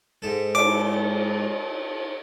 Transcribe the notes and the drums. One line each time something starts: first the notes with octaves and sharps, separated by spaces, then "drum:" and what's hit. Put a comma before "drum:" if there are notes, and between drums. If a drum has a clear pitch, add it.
G#2 A4
D6, drum: cymbal